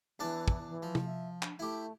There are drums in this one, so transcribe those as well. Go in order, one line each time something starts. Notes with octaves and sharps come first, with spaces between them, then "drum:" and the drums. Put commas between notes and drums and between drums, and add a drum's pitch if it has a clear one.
E2 E3 D4 A5
drum: kick
E3
F3
drum: tom
E5
D4, drum: clap
A3 E4 G4